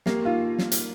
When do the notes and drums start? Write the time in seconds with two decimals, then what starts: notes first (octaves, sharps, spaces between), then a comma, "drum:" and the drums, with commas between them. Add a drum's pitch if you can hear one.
0.06 A#3 G4, drum: snare
0.25 D#4 F4
0.58 drum: snare
0.72 drum: hi-hat